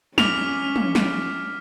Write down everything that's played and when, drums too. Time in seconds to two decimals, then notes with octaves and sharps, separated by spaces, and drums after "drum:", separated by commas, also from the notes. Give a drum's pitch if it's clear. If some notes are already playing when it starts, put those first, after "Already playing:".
0.18 C#4 D6 F6 B6 F7, drum: snare
0.76 drum: tom
0.95 drum: snare